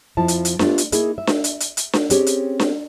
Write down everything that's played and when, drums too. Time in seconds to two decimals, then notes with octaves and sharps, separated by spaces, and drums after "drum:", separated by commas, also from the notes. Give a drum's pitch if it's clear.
0.17 F2 F3 E4 A5
0.28 drum: hi-hat
0.45 drum: hi-hat
0.59 A3 B3 D4 F4 G4, drum: snare D4
0.78 drum: hi-hat
0.92 A#3 D#4 E4 G#4, drum: hi-hat
1.18 E5
1.27 drum: snare D4
1.44 drum: hi-hat
1.60 drum: hi-hat
1.77 drum: hi-hat
1.93 drum: snare D4
2.10 C4 C#4 G4 G#4 C#5, drum: hi-hat
2.26 drum: hi-hat
2.60 drum: snare D4